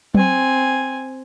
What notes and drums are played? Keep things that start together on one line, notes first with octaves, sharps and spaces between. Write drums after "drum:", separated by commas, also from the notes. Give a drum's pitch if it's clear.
C4 G#5, drum: tom F#3